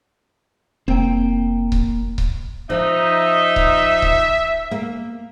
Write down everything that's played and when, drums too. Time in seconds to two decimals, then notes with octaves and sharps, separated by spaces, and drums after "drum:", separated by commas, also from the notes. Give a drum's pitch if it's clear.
0.88 F1 A#3 C4 G5
1.72 drum: kick C#1
2.18 drum: kick C#1
2.70 F3 D#4 E5
3.56 drum: kick C#1
4.02 drum: kick C#1
4.71 A#3